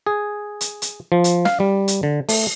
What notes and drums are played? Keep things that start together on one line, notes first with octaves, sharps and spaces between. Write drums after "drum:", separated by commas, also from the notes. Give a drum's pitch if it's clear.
G#4
drum: hi-hat
drum: hi-hat
F3
drum: hi-hat
F5, drum: snare
G3
drum: hi-hat
D3
A3, drum: open hi-hat